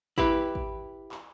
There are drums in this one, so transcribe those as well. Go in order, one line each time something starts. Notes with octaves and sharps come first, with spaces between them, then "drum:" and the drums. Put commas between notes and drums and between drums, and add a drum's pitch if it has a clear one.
E4 G4 B4, drum: kick G#1
drum: kick G#1
drum: clap